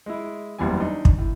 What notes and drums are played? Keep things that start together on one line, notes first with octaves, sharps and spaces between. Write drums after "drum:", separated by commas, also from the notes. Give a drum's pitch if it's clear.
G#3 E4
F#1 E2 G3 G#5
D4 D#4
drum: kick
A2